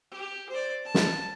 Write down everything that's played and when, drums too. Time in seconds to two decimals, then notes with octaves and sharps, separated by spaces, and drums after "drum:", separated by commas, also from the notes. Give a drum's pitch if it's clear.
0.11 G4
0.49 C5 D5
0.85 A5
0.95 drum: snare